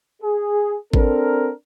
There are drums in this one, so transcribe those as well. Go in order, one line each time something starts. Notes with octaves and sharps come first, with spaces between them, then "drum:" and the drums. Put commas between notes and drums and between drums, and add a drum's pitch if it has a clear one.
G#4
C4 D4 A4 A#4, drum: kick G#1